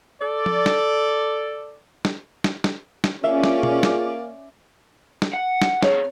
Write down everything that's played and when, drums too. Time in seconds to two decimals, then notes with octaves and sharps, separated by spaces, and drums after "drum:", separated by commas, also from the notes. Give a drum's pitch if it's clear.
0.19 A4 D5
0.46 drum: tom F3
0.66 drum: snare
2.05 drum: snare
2.44 drum: snare
2.64 drum: snare
3.04 drum: snare
3.24 A#3 C#4 F4 G#4 D5 E5
3.43 drum: snare
3.63 drum: tom B2
3.83 drum: snare
5.22 drum: snare
5.33 F#5
5.62 drum: snare
5.83 C4 G#4 C#5, drum: snare